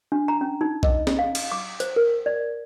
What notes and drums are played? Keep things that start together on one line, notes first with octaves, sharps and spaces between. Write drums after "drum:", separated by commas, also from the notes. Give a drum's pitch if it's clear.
D4
A#5
C#4
D#4
D#5, drum: kick B1
drum: snare
F5
drum: cymbal
D6
C5, drum: hi-hat
A#4
D5